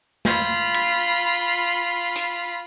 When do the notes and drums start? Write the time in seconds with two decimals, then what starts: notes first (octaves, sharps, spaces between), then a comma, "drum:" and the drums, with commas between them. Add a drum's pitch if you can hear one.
0.25 F4 B5, drum: snare
0.74 drum: cymbal
2.16 drum: hi-hat